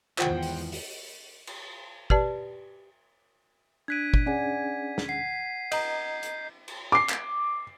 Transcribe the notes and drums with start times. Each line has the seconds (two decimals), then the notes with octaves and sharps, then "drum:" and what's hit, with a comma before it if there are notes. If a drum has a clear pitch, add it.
0.18 E2 G#2 D#3 F3 F4 C5 F#5 G5, drum: clap
0.42 drum: open hi-hat
0.72 drum: open hi-hat
1.47 drum: cymbal
2.10 G4 B4 D5 A5, drum: kick
3.88 D4 F#6 G#6 B6 D7 D#7
4.14 drum: kick
4.26 C#4 D4 G#4 D5 F#5 G#5
4.98 drum: snare
5.09 F#5 B6 C7
5.72 D#5 A#5 G6, drum: cymbal
6.23 drum: hi-hat
6.68 drum: cymbal
6.92 D6 C7
7.09 drum: clap